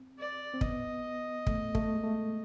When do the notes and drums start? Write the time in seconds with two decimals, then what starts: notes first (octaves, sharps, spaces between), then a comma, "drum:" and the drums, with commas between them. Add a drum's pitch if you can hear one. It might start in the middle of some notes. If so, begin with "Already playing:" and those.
Already playing: C4
0.18 D5
0.54 C4
0.61 B3 D#5, drum: kick
1.47 A3, drum: kick
1.75 A3, drum: kick
1.95 G#3
2.04 A3